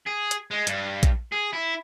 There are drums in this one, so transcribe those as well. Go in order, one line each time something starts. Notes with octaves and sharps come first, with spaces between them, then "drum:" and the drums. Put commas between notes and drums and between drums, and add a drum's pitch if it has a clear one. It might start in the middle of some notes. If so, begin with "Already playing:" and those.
G#4
drum: hi-hat
G#3
G2, drum: hi-hat
drum: kick A#1, hi-hat
G#4
E4